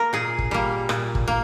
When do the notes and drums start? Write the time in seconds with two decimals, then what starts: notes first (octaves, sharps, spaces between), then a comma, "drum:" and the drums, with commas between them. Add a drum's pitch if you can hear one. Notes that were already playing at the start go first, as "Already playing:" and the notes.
Already playing: A#3 A#4
0.13 A#2 G#4
0.38 drum: kick
0.51 G3 A#3
0.89 A#2, drum: rim click
1.15 drum: kick
1.28 A#3